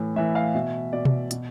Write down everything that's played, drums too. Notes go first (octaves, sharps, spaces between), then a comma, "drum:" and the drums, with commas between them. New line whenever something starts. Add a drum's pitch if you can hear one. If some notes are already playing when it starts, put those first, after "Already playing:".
Already playing: A2 E3
A2 E3 E5
F5
B2 E5
B2 D5
drum: tom B2
B2, drum: hi-hat